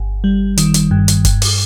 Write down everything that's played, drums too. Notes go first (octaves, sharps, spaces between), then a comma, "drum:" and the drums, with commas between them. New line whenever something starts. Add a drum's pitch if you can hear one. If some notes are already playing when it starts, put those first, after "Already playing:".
Already playing: G1
G3
D#3, drum: hi-hat
drum: hi-hat
G2
drum: hi-hat
G2, drum: kick, hi-hat
drum: open hi-hat